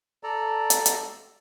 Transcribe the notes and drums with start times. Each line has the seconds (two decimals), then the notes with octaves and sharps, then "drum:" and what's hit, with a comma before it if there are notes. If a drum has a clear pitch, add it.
0.23 A4 D5 A#5
0.70 drum: hi-hat
0.86 drum: hi-hat